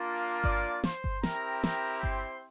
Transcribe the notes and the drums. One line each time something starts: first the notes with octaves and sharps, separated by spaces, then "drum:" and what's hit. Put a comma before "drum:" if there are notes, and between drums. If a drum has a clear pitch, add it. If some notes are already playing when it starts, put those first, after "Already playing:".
Already playing: A#3 D4 F4
D5 D6, drum: kick G1
C5 C6, drum: snare
drum: kick G1
C4 E4 G4 A#4 A#5, drum: snare
A#4 A#5, drum: snare
C5 C6, drum: kick G1